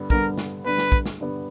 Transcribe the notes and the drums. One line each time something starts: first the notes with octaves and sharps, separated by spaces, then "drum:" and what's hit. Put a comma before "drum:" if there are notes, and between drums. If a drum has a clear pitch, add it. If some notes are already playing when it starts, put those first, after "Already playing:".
Already playing: G2 D3 G3 B3
G2 D3 G3 B3 A#4, drum: kick
drum: snare
G2 D3 G3 B3 B4
drum: snare
drum: kick
drum: snare
G2 D3 G3 B3